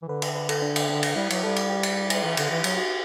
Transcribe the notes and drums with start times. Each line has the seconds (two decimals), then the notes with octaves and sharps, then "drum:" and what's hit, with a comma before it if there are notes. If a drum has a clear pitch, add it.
0.02 E3
0.08 D3 B4
0.22 A4, drum: cymbal
0.36 B4
0.49 A4, drum: cymbal
0.62 D4
0.76 drum: cymbal
0.89 D4
1.03 drum: cymbal
1.16 G3 E4
1.30 F#3, drum: cymbal
1.43 G3 A4
1.56 drum: cymbal
1.70 G4
1.83 drum: cymbal
2.10 drum: cymbal
2.23 E3
2.37 D3, drum: cymbal
2.50 E3
2.64 F#3, drum: cymbal
2.78 F#4